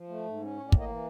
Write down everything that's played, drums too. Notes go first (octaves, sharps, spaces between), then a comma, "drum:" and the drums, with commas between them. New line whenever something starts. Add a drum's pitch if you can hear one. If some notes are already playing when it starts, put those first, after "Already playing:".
Already playing: F3
A3
G#2
C#4
A2 C#5
D5
A#3, drum: kick
D#5
E3